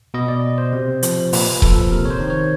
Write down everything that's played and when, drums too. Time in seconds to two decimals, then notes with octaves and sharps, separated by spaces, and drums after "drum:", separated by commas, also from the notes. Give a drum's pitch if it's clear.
0.14 B2 D#5
0.28 D5
0.58 C5
0.73 C3
1.03 F3, drum: hi-hat
1.33 A#2 B4, drum: open hi-hat
1.62 F3 A4, drum: kick D#1
1.91 C3 A#4
2.05 C#5
2.10 C5
2.20 D#3
2.30 C#5